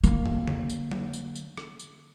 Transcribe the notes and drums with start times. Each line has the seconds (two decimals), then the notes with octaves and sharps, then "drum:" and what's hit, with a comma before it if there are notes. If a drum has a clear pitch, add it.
0.04 D3 A#3, drum: tambourine
0.26 drum: tom
0.48 drum: tom C#3
0.69 drum: tambourine
0.91 drum: tom F#3
1.13 drum: tambourine
1.35 drum: tambourine
1.57 drum: rim click
1.79 drum: tambourine